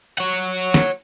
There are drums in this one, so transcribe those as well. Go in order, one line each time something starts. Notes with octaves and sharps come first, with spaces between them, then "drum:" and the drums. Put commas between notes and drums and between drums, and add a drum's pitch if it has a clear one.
C#5 F#5
drum: snare